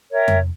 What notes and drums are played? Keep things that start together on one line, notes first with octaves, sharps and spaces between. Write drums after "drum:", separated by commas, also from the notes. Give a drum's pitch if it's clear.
A#4 C#5 E5 G5
drum: tom F2